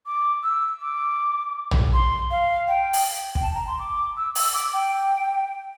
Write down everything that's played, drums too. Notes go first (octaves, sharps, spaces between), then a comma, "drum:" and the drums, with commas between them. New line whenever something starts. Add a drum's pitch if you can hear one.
D6
E6
D6
drum: tom
C6
F5
G5
drum: open hi-hat
G5, drum: kick
A5
A#5
C6
D6
E6
E6, drum: open hi-hat
D6
G5